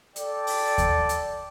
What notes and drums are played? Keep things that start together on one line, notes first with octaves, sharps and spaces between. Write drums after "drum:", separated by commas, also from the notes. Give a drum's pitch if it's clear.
A4 D5 G5, drum: hi-hat
drum: open hi-hat
drum: kick D#2, hi-hat
drum: hi-hat